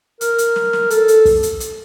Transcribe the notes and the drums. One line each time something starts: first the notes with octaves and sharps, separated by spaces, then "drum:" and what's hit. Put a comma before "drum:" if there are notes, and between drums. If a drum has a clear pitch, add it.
A#4, drum: hi-hat
drum: hi-hat
drum: snare
drum: snare
A4, drum: hi-hat
drum: hi-hat
drum: kick, open hi-hat
drum: hi-hat
drum: hi-hat